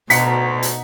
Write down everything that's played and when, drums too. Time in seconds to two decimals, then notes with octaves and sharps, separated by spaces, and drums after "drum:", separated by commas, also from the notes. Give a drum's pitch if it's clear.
0.10 D2 B2 D#4 F#5 A#5 B6 C#7, drum: hi-hat
0.62 drum: hi-hat